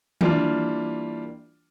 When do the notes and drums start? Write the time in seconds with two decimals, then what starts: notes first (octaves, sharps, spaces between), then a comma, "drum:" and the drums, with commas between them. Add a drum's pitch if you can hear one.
0.21 E3 G3 A#3 D4 F4, drum: tom D#3